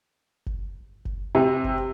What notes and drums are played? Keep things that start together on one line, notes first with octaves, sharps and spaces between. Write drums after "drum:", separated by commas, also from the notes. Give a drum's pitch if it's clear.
drum: kick F#1
drum: kick F#1
C3
drum: kick F#1